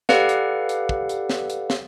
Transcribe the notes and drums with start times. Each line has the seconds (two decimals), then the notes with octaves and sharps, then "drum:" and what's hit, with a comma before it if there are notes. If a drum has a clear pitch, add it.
0.09 G4 A4 B4 D5 F5 F#5, drum: snare
0.29 drum: hi-hat
0.69 drum: hi-hat
0.89 drum: kick
1.09 drum: hi-hat
1.30 drum: snare
1.50 drum: hi-hat
1.70 drum: snare